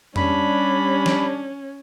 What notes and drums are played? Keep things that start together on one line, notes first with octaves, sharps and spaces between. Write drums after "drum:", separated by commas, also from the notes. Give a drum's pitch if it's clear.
G3 C#4 D4 B5, drum: tom F2
drum: snare